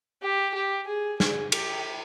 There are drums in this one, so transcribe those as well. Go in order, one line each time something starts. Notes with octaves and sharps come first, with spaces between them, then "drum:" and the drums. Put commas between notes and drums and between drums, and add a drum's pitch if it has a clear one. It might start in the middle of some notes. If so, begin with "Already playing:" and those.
G4
G4
G#4
G#4, drum: snare
G4, drum: cymbal